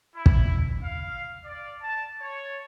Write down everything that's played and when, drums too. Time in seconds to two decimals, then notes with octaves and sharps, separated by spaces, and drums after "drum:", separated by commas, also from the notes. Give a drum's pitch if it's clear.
0.15 E4
0.26 drum: kick
0.84 F5
1.45 D5
1.82 A5
2.21 C#5